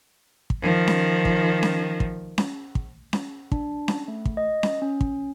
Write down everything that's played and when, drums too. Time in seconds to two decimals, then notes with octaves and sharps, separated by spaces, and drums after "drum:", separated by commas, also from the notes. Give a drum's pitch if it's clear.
0.50 drum: kick
0.61 D#3 F3
0.87 drum: snare C#4
1.25 drum: kick
1.63 drum: snare C#4
2.00 drum: kick
2.38 drum: snare C#4
2.75 drum: kick
3.13 drum: snare C#4
3.52 D4, drum: kick
3.88 drum: snare C#4
4.08 A3
4.25 drum: kick
4.37 D#5
4.63 drum: snare C#4
4.82 C#4
5.01 drum: kick